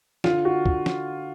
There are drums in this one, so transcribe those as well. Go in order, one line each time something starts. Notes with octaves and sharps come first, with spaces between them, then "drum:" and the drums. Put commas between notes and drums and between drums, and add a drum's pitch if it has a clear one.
D3 F4, drum: snare
F#4
drum: kick
drum: snare